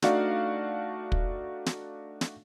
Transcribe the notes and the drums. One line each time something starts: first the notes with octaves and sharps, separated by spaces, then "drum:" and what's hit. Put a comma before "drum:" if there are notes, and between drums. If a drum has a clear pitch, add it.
A3 D4 D#4 F#4 D5 F5, drum: snare
drum: kick
drum: snare
drum: snare